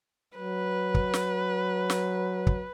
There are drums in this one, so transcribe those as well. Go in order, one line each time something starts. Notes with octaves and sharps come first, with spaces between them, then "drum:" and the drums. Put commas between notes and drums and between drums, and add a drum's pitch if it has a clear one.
F#3 B4
drum: kick
drum: snare
drum: snare
drum: kick